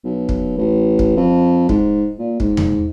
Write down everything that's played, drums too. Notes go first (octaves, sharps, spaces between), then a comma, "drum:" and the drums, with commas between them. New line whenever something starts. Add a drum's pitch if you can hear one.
B1
drum: kick
A1
drum: kick
F2
G#2, drum: kick
A#2
G#2, drum: kick
drum: tom E2